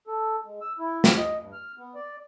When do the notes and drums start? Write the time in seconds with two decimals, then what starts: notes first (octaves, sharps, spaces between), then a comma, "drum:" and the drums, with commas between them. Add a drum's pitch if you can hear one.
0.07 A4
0.45 G#3
0.61 E6
0.79 E4
1.04 G4, drum: snare
1.17 D#5
1.39 G2
1.53 F6
1.78 B3
1.95 D5